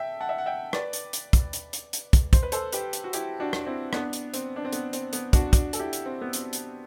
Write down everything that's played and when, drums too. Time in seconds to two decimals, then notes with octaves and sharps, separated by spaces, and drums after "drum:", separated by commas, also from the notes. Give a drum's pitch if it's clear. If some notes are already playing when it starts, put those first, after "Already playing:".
Already playing: A4 E5 G5
0.20 F#5 A5
0.29 E5
0.38 F#5
0.46 E5 G5
0.73 B4 D5, drum: rim click
0.93 drum: hi-hat
1.13 drum: hi-hat
1.33 drum: kick, hi-hat
1.53 drum: hi-hat
1.73 drum: hi-hat
1.93 drum: hi-hat
2.13 drum: kick, hi-hat
2.33 C5, drum: kick, hi-hat
2.43 B4
2.52 A4 C5, drum: hi-hat
2.73 G4 B4, drum: hi-hat
2.93 drum: hi-hat
3.04 F#4
3.13 E4 G4, drum: hi-hat
3.40 D4 F#4
3.53 drum: rim click
3.66 C4 E4
3.93 B3 D4, drum: rim click
4.13 drum: hi-hat
4.34 C4, drum: hi-hat
4.56 D4
4.65 C4
4.73 B3, drum: hi-hat
4.93 C4, drum: hi-hat
5.13 B3, drum: hi-hat
5.33 D4 F#4, drum: kick, hi-hat
5.53 D4 F#4, drum: kick, hi-hat
5.73 A4, drum: hi-hat
5.80 E4 G4
5.93 drum: hi-hat
6.06 C4
6.21 B3
6.33 C4, drum: hi-hat
6.53 drum: hi-hat